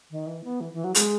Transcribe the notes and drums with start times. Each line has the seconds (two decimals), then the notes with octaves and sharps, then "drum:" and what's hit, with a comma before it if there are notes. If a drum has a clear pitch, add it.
0.11 D#3
0.27 E3
0.44 B3
0.61 E3
0.73 E3
0.84 F#3
0.95 G#3, drum: hi-hat